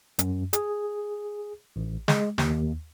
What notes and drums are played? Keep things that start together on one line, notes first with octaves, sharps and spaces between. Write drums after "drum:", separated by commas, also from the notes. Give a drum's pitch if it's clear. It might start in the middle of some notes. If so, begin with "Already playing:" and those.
F#2, drum: hi-hat
G#4, drum: hi-hat
A1
G#3, drum: snare
D#2, drum: snare